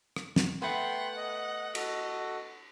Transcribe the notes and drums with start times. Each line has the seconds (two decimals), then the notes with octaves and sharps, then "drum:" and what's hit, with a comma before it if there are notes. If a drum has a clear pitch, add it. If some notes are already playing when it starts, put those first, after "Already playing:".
0.16 drum: rim click
0.36 drum: snare
0.62 A3 B3 F#5 G5 B5 C6
1.17 D#5
1.75 F#4 A4 D#5, drum: cymbal